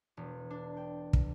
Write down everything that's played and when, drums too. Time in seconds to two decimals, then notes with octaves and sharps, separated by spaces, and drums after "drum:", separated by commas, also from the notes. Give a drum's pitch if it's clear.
0.17 E1
0.50 D4
0.77 G5
1.13 drum: kick